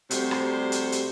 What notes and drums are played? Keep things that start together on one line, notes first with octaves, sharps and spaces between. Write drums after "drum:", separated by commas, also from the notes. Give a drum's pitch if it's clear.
C3 G3 A3 F#4 C5, drum: hi-hat
drum: rim click
drum: hi-hat
drum: hi-hat